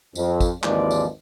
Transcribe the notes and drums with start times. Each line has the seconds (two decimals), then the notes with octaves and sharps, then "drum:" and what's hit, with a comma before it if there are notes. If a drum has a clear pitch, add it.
0.15 F2, drum: tambourine
0.41 drum: kick, tambourine
0.63 G#1 D#2 E3 F3 G#3 D5, drum: clap
0.91 drum: tambourine